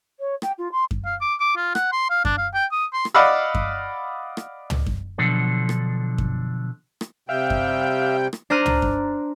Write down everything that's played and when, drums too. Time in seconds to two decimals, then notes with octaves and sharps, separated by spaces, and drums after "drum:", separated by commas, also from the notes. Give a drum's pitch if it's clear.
0.19 C#5
0.42 G5, drum: rim click
0.58 F4
0.72 C6
0.91 drum: kick F#2
1.05 F5
1.21 D6
1.40 D6
1.57 F4
1.75 F#5, drum: rim click
1.92 C6
2.10 F5
2.25 D4, drum: kick F#2
2.38 F5
2.54 G5
2.72 D#6
2.93 C6
3.05 drum: rim click
3.14 D5 D#5 F5 F#5 B5 E6
3.55 drum: kick F#2
4.37 drum: rim click
4.70 drum: tom
4.86 drum: kick F#2
5.18 B2 D3 F3 F#3 D4 A4
5.69 drum: rim click
6.18 drum: kick F#2
7.01 drum: rim click
7.29 C3 G3 E5 F5 G5
7.50 drum: kick F#2
8.33 drum: rim click
8.50 D4 C5 A#5 F6 F#6 D#7
8.66 drum: tom
8.82 drum: kick F#2